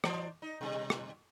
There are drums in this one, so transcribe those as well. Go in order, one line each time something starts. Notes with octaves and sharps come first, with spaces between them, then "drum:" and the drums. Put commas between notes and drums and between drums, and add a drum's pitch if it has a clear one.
E3 C5 D5, drum: rim click
D#4
B2 G3
drum: rim click